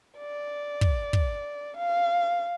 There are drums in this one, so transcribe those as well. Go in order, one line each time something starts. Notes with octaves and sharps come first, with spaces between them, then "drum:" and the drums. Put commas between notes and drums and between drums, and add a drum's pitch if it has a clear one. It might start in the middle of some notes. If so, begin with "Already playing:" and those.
D5
drum: kick
drum: kick
F5